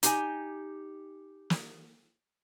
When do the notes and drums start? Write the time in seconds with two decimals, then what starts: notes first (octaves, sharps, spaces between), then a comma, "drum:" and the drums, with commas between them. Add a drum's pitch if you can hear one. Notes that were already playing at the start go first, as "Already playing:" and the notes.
0.03 D#4 G4 G#5, drum: hi-hat
1.50 drum: snare